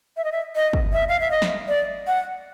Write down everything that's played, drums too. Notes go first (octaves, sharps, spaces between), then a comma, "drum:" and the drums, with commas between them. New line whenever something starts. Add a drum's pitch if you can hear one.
E5
D#5
E5
D#5
drum: kick
E5
F5
E5
D#5
drum: snare
D5
F#5